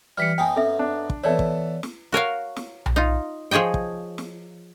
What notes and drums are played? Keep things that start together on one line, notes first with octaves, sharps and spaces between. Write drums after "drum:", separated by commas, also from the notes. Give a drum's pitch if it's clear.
E3 G3 F6 B6 C#7
F#2 B3 D#4 G5 G#5
C#4 A4 E5
D4
drum: kick
E3 B3 A4 C#5 D5 E5
drum: kick
drum: snare
F#4 A#4 C#5 F5
drum: snare
drum: tom B1
D#4 F4
F3 G#4 C#5 D#5 G5
drum: kick
drum: snare